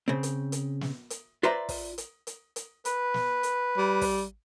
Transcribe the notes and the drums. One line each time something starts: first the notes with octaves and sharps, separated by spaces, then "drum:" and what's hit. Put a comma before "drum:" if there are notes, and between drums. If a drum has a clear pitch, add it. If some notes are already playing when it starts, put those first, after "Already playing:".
C#3 C4
drum: hi-hat
drum: hi-hat
drum: snare
drum: hi-hat
F4 B4 C5 D5 E5 A#5
drum: kick, open hi-hat
drum: hi-hat
drum: hi-hat
drum: hi-hat
B4, drum: hi-hat
drum: snare
drum: hi-hat
G3
drum: kick, open hi-hat